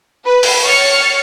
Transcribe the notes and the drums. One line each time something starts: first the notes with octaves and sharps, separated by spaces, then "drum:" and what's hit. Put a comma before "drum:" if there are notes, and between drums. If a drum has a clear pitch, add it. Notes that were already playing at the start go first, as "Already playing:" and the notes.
B4
drum: open hi-hat
C#5 F6 A6 C#7